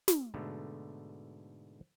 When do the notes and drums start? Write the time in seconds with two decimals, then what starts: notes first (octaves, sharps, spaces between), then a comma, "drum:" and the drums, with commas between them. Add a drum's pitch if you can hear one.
0.08 drum: snare
0.34 G#2 B2 D3 A3